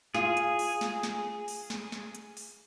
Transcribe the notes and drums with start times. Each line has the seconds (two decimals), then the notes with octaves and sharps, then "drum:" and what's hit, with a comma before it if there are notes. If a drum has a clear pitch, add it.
0.15 F4 G#4, drum: snare
0.37 drum: hi-hat
0.59 drum: open hi-hat
0.81 drum: snare
1.03 drum: snare
1.48 drum: open hi-hat
1.70 drum: snare
1.92 drum: snare
2.15 drum: hi-hat
2.37 drum: open hi-hat